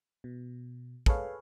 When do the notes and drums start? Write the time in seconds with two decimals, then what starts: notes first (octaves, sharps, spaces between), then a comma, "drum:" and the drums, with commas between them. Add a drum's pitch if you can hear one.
0.24 B2
1.06 G#4 A4 B4 C#5 F5, drum: kick